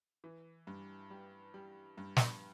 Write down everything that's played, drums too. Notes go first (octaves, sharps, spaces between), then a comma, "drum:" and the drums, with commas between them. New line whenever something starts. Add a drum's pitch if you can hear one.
E3
G2
G3
G3
G2
drum: snare